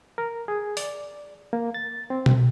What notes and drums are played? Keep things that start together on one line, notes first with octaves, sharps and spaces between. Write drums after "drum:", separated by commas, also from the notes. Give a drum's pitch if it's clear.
A#4
G#4
D5, drum: open hi-hat
A#3
A6
C4
drum: tom B2